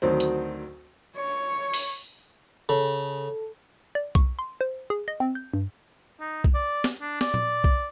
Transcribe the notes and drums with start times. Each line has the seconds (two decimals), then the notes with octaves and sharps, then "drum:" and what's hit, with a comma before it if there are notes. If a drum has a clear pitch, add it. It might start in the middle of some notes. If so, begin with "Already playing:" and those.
0.02 D2 D#3 F#3 C4
0.20 drum: hi-hat
1.17 C#5
1.74 drum: open hi-hat
2.69 C#3 A4
3.95 D5
4.15 C#6, drum: kick B1
4.39 C6
4.61 C5
4.90 G#4
5.08 D#5
5.20 C4
5.35 G6
5.53 G2
6.20 D#4
6.44 drum: kick B1
6.54 D5
6.84 drum: snare
7.01 D4
7.21 D5, drum: snare
7.34 drum: tom A#2
7.64 drum: kick B1